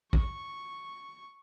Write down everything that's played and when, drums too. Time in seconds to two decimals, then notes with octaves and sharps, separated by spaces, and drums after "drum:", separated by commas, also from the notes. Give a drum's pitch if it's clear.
0.13 C#6, drum: kick